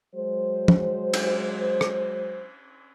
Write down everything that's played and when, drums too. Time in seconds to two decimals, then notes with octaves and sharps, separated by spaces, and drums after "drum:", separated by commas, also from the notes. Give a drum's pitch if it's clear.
0.15 F#3 G#3 C5
0.68 drum: tom
1.14 drum: cymbal
1.81 drum: rim click